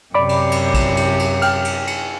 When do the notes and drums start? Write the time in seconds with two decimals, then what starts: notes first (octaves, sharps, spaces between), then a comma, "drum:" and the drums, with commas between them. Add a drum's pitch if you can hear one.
0.14 F#2 C3 D5 B5 D6
0.29 drum: cymbal
0.52 drum: cymbal
0.74 drum: kick A#1, cymbal
0.97 drum: cymbal
1.19 drum: cymbal
1.42 G5 F6, drum: cymbal
1.65 drum: cymbal
1.87 drum: cymbal